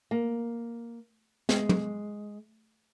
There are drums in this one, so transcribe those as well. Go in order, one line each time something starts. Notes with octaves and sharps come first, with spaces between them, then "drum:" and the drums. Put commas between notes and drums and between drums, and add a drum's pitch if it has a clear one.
A#3
G#3, drum: snare
drum: tom